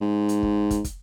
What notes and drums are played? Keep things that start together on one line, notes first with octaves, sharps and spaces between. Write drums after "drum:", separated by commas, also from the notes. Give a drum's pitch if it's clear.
G#2
drum: hi-hat
drum: kick
drum: kick, hi-hat
drum: kick, hi-hat